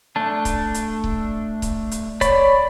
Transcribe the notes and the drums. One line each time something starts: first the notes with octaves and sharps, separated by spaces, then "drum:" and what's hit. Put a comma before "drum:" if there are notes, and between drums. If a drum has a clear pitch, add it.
A3 D4 A5
drum: kick C#1, hi-hat
drum: hi-hat
drum: kick C#1
drum: kick C#1, hi-hat
drum: hi-hat
C#5 D5 B5, drum: kick C#1, hi-hat